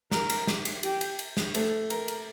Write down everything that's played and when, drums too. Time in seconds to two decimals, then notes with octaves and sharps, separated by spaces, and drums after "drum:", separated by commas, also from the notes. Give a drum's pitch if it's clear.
0.11 A#4, drum: snare
0.30 drum: cymbal
0.47 drum: snare
0.65 drum: cymbal
0.83 G4, drum: cymbal
1.01 drum: cymbal
1.19 drum: cymbal
1.37 drum: snare
1.54 A3 A4, drum: cymbal
1.90 A#4, drum: cymbal
2.08 drum: cymbal